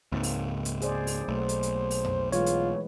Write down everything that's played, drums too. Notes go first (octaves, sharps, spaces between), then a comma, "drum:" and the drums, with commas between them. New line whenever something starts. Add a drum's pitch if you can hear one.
C#2 G#2 A#3 C4
drum: open hi-hat
drum: hi-hat
G#4 C5 D5, drum: hi-hat
drum: open hi-hat
B1 A3 C5
drum: hi-hat
drum: hi-hat
drum: open hi-hat
drum: tom F2
E3 G#3 B3 F4 C#5, drum: hi-hat
drum: hi-hat